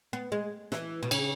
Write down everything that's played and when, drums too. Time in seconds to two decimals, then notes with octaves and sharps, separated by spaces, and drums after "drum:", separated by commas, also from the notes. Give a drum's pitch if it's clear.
0.13 B3
0.32 G#3
0.72 E3, drum: snare
1.03 B2
1.11 C#3, drum: cymbal